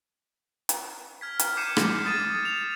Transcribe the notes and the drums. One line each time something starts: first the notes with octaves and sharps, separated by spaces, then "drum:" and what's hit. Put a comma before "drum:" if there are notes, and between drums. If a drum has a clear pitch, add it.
drum: hi-hat
F6 G#6 B6
drum: hi-hat
D6 G6 C7 C#7 D#7 E7
G6, drum: rim click
D#6 A6 D#7
F7